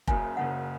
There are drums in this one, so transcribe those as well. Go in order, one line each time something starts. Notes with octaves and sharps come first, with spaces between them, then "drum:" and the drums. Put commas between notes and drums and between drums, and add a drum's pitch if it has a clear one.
F#1 F#2 C#3 G#5, drum: kick F1
F#1 F#2 C#3 F#5